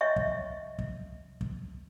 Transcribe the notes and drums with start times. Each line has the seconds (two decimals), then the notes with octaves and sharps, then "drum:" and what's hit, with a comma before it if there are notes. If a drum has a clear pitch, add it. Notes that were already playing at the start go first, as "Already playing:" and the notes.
0.01 C#5 D#5 E5 C#6
0.16 drum: kick
0.79 drum: kick
1.41 drum: kick